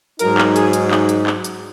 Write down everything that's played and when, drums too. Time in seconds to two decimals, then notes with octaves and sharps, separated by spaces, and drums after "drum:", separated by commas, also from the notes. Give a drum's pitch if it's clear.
0.19 G#2 F#3 D#4 A#4, drum: hi-hat
0.38 drum: clap
0.56 G#4, drum: hi-hat
0.73 drum: hi-hat
0.91 drum: clap
1.09 drum: hi-hat
1.27 drum: clap
1.44 drum: hi-hat